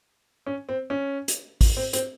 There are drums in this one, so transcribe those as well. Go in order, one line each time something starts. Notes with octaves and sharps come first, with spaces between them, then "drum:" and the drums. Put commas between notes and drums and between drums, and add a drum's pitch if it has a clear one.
C#4
C4
C#4
drum: hi-hat
drum: kick, open hi-hat
C4
C4, drum: hi-hat